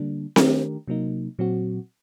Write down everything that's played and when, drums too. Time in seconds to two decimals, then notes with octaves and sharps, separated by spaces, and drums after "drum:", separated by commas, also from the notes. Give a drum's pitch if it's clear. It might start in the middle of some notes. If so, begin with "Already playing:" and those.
Already playing: D3 G3 A#3 D4
0.36 D#3 A3 D4 G4 A#4, drum: snare C4
0.88 C3 F#3 A#3 D#4
1.39 A#2 F#3 C4 F#4